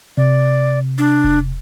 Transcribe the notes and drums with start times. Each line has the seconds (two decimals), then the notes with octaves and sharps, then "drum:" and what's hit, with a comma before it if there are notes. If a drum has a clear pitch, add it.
0.17 C3 D5
0.98 D4
1.24 drum: kick E1